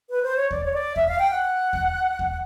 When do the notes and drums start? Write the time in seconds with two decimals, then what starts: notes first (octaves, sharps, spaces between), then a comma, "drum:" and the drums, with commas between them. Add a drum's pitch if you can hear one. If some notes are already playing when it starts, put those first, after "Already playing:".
0.10 B4
0.23 C5
0.36 C#5
0.51 D5, drum: kick D#2
0.65 C#5
0.73 D5
0.96 E5, drum: kick D#2
1.08 F5
1.19 G5
1.31 F#5
1.73 drum: kick D#2
2.19 drum: kick D#2